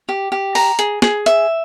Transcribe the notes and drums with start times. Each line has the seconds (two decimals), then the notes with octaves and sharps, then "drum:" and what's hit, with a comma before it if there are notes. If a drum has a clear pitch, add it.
0.09 G4
0.32 G4
0.55 A#5, drum: open hi-hat
0.79 G#4, drum: hi-hat
1.02 G#4, drum: snare
1.26 E5, drum: hi-hat